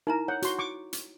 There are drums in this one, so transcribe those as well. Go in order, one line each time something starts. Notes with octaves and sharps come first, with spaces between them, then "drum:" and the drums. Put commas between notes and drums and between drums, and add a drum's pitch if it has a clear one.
D#4 E4 A#4 A#5
C#5 F#5
F#4 C6, drum: hi-hat
C#6 D6
drum: hi-hat